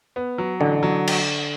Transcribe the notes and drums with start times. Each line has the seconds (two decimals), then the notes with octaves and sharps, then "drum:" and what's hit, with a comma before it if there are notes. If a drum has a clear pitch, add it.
0.16 B3
0.38 F#3
0.60 A1 D3
0.83 F#3
1.07 drum: cymbal